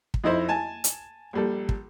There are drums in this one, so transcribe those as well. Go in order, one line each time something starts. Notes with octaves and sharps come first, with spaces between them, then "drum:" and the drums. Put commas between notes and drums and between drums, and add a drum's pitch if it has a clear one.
drum: kick
F2 D#4 E4 C5
G#5 A5
drum: hi-hat
A#1 G3 A4
drum: kick